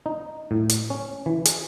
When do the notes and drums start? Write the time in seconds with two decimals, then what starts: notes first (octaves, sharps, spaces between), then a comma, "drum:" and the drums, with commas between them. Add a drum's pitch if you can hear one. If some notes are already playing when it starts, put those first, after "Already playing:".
0.06 D#4
0.51 A2
0.69 drum: hi-hat
0.90 C#4
1.26 E3
1.45 G#4, drum: hi-hat